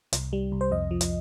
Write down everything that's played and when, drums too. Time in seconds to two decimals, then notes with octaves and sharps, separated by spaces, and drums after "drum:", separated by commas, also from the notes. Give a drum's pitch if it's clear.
0.13 C2, drum: hi-hat
0.33 G3
0.52 C2
0.61 C5
0.71 F2 D#5
0.91 F3
1.01 drum: hi-hat